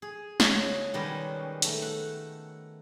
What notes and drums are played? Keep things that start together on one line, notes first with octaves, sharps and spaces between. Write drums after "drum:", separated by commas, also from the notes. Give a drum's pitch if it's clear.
G#4
C#3 F#4 F#5, drum: snare
B2 D#3 G3 G#3 B3 C#4
D#3 A3, drum: hi-hat
F#5